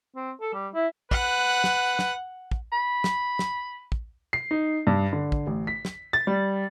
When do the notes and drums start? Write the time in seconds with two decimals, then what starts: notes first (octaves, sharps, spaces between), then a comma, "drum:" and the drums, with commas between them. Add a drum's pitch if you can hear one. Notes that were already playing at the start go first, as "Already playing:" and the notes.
0.16 C4
0.41 A4
0.53 G3
0.74 E4
1.11 B4 F#5, drum: kick
1.64 drum: snare
1.99 drum: snare
2.52 drum: kick
2.72 B5
3.04 drum: snare
3.39 drum: snare
3.92 drum: kick
4.33 C7
4.51 D#4
4.87 G2
5.13 D3
5.32 drum: kick
5.47 A1
5.67 B6
5.85 drum: snare
6.13 A6
6.27 G3